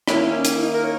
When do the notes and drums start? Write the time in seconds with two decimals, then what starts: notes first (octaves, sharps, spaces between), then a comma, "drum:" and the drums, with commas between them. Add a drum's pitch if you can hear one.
0.07 D#3 A#3 C#4 E4, drum: rim click
0.26 C#4
0.45 drum: hi-hat
0.54 E4
0.63 D#4
0.72 A#4
0.82 C#5